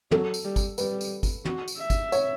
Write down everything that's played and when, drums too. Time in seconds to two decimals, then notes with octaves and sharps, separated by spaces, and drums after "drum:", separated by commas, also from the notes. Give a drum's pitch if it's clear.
0.11 F#3 A4, drum: tom
0.34 drum: tambourine
0.45 G3
0.56 drum: kick G1, tambourine
0.78 G3 B4, drum: tambourine
1.01 drum: tambourine
1.23 drum: kick G1, tambourine
1.45 F#4, drum: tom
1.68 drum: tambourine
1.78 E5
1.90 drum: kick G1, tambourine
2.12 C#5, drum: tambourine